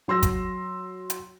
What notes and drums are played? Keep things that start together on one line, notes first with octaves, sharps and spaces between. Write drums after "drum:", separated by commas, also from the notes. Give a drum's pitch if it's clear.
F#3 C6 E6 A#6
drum: kick, hi-hat
drum: hi-hat